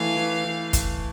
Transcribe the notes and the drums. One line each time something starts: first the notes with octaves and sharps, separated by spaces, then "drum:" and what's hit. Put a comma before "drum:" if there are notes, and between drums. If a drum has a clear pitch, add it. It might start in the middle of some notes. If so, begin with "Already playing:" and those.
Already playing: E3 A3 F5
E3
E3
drum: kick, hi-hat